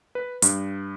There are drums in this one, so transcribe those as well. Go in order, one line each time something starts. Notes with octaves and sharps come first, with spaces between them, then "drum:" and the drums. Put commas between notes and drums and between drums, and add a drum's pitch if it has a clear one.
B4
G2, drum: hi-hat